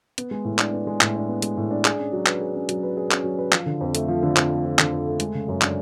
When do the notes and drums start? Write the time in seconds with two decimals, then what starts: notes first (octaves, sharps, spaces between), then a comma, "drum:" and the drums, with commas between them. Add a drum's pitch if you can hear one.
0.18 B3, drum: hi-hat
0.31 G#3
0.45 A2
0.59 D4, drum: clap
0.73 B3
0.87 G#3
1.01 A2, drum: clap
1.15 D4
1.29 B3
1.42 G#3, drum: hi-hat
1.57 A2
1.71 D4
1.85 G#4, drum: clap
1.99 C#4
2.13 F#3
2.26 B4, drum: clap
2.41 G#4
2.54 C#4
2.69 F#3, drum: hi-hat
2.83 B4
2.97 G#4
3.11 C#4, drum: clap
3.24 F#3
3.38 B4
3.52 F3, drum: clap
3.66 D3
3.81 F2
3.95 A3, drum: hi-hat
4.08 F3
4.23 D3
4.37 F2, drum: clap
4.50 A3
4.65 F3
4.79 D3, drum: clap
4.92 F2
5.06 A3
5.20 G#3, drum: hi-hat
5.34 C#3
5.48 F#2
5.62 D4, drum: clap